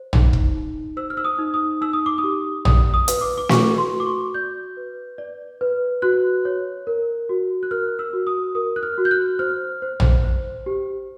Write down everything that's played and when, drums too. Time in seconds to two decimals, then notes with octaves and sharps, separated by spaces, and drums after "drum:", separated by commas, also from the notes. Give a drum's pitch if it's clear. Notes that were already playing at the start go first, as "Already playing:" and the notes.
Already playing: C5
0.13 D#4, drum: tom A#1
0.33 drum: kick
0.55 D#4
0.97 C5 E6
1.10 F6
1.17 E6
1.25 D#6
1.39 D#4
1.54 D#6
1.81 D#4 E6
1.93 D#6
2.06 D6
2.18 D#6
2.24 G4
2.65 D5 D#6, drum: tom A#1
2.94 D#6
3.08 B4, drum: hi-hat
3.21 D6
3.38 D6
3.49 F#4 C#6, drum: snare
3.78 C6
3.92 F#4
4.00 D6
4.06 C#6
4.34 D5 G6
4.77 B4
5.18 D5
5.61 B4
6.02 F#4 F#6
6.45 C#5
6.87 A#4
7.29 F#4
7.63 F#6
7.71 A#4 F6
7.99 E6
8.13 F#4
8.27 D#6
8.55 A#4 D#6
8.76 F#6
8.83 F6
8.98 F#4
9.05 G6
9.11 F#6
9.39 C5 F6
9.82 C5
10.00 drum: tom A#1
10.24 C5
10.66 G4